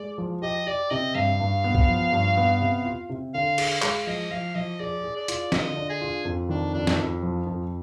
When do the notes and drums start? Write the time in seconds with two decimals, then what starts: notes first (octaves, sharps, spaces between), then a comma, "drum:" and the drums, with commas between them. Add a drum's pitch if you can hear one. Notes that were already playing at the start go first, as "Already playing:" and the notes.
Already playing: G#3 D5
0.18 F3
0.42 G4 D#5
0.67 G4 D5
0.90 C3 D#5
1.15 G2 F5
1.40 G2
1.64 B3
1.75 drum: kick B1
1.88 F3
2.12 G2
2.37 B3
2.60 C3
2.85 F4
3.09 C3
3.34 D3 F5
3.58 G#4, drum: cymbal
3.70 F5
3.82 G#3, drum: clap
4.07 F3 D#5
4.31 F3 F5
4.55 F3 D#5
4.80 G#4 D5
5.04 G#4
5.17 D5
5.28 F4, drum: hi-hat
5.52 D3 D#5, drum: snare
5.76 D4
5.89 G#4
6.01 F4
6.25 F2
6.49 D#3 D4
6.74 F2 D4
6.87 drum: snare
6.99 F2
7.23 F3
7.47 F2